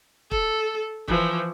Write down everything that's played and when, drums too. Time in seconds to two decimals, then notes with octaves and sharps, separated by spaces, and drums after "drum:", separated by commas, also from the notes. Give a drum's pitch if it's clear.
0.31 A4, drum: kick
1.08 E3 F3, drum: kick